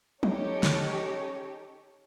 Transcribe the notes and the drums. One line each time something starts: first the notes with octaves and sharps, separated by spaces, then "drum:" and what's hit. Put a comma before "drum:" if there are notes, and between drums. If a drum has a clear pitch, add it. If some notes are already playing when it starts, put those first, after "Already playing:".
C#4 D#4 G4 A4 C#5, drum: tom
drum: snare